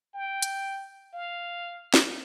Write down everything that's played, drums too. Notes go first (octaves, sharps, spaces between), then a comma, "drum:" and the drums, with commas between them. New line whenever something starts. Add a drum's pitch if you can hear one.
G5
drum: hi-hat
F5
drum: snare